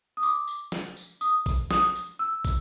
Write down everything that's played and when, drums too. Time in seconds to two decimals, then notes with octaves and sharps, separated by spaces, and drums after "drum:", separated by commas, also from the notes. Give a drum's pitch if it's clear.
0.17 D#6
0.23 D6, drum: tambourine
0.47 drum: tambourine
0.72 drum: snare
0.97 drum: tambourine
1.21 D#6, drum: tambourine
1.46 drum: kick, tambourine
1.71 D#6, drum: snare
1.95 drum: tambourine
2.19 E6
2.45 drum: kick, tambourine